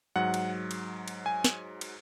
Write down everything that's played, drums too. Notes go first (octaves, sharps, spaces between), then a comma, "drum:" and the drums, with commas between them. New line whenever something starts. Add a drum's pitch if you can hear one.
G#2 F#3 F#5
drum: cymbal
drum: cymbal
drum: cymbal
G#5
drum: snare
drum: cymbal